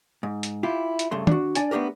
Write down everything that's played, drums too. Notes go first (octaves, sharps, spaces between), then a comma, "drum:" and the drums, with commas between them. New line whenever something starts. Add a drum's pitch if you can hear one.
G#2
drum: hi-hat
E4 F4 G4
drum: hi-hat
G2 C#3 A3 C6
D4 F#4, drum: tom
D4 D5 G#5, drum: hi-hat
A3 B3 D4 G4 A#4